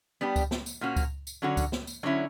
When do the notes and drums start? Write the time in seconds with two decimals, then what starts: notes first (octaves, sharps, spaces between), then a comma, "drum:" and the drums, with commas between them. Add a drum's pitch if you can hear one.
0.21 G3 B3 D4 G4
0.36 drum: kick C#2, tambourine
0.51 drum: snare
0.66 drum: tambourine
0.81 A#2 A#3 C#4 F#4
0.96 drum: kick C#2, tambourine
1.27 drum: tambourine
1.42 D3 F#3 C#4 F#4
1.57 drum: kick C#2, tambourine
1.72 drum: snare
1.87 drum: tambourine
2.03 D3 F#3 C#4 E4